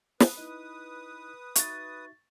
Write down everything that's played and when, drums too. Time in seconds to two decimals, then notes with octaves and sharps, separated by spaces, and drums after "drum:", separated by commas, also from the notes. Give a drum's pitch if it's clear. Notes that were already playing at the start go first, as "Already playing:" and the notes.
0.20 B4 D#6, drum: snare
0.37 D#4 E4 D#5
1.56 D#4 F#4 E5 C#6 A6, drum: hi-hat